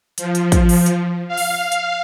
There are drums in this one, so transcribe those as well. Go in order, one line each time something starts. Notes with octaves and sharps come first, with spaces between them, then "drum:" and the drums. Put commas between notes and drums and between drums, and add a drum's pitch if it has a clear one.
F3, drum: hi-hat
drum: hi-hat
drum: kick, hi-hat
drum: open hi-hat
drum: hi-hat
F5
drum: open hi-hat
drum: hi-hat